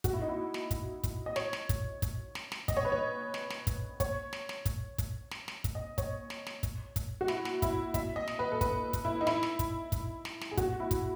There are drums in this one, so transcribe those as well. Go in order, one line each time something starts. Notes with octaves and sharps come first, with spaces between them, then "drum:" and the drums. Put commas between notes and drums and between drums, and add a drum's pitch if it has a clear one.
F#4, drum: kick, hi-hat
E4
D#4
E4
drum: snare
drum: kick, hi-hat
drum: kick, hi-hat
D#5
C#5, drum: snare
drum: snare
drum: kick, hi-hat
drum: kick, hi-hat
drum: snare
drum: snare
D#5, drum: kick, hi-hat
C#5
B4
C#5
drum: snare
drum: snare
drum: kick, hi-hat
C#5, drum: kick, hi-hat
drum: snare
drum: snare
drum: kick, hi-hat
drum: kick, hi-hat
drum: snare
drum: snare
drum: kick, hi-hat
D#5
C#5, drum: kick, hi-hat
drum: snare
drum: snare
drum: kick, hi-hat
drum: kick, hi-hat
F#4
E4, drum: snare
drum: snare
E4, drum: kick, hi-hat
E5, drum: kick, hi-hat
D#5
drum: snare
B4
A4
B4, drum: kick, hi-hat
drum: kick, hi-hat
E4
D#4
E4, drum: snare
drum: snare
drum: kick, hi-hat
drum: kick, hi-hat
drum: snare
drum: snare
G#4
F#4, drum: kick, hi-hat
E4
drum: kick, hi-hat